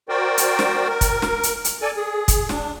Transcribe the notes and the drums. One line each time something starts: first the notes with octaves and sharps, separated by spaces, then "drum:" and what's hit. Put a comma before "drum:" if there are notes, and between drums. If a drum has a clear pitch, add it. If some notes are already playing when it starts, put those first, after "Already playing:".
F#4 A#4 C5 D5 G5
drum: hi-hat
drum: snare
A#4
drum: kick, hi-hat
drum: snare
drum: hi-hat
drum: hi-hat
A4 D5 G#5
G#4
drum: kick, hi-hat
D4, drum: snare